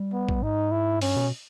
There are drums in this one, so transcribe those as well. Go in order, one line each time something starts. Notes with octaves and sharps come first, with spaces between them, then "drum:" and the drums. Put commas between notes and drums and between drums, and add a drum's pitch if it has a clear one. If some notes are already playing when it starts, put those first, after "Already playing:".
Already playing: G3
B3
drum: kick
G#2 D#4
E4
G2 C#4, drum: open hi-hat
B2